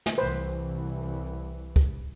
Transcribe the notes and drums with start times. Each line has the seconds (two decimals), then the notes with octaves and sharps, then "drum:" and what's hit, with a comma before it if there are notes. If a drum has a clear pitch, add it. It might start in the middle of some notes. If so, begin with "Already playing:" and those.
0.06 drum: snare
0.18 C2 E3 B4 C5
1.76 drum: kick